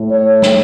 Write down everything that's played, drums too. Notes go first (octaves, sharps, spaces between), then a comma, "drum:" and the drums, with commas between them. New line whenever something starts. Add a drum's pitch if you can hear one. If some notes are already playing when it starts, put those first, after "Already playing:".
Already playing: A2 A3
C#5
drum: snare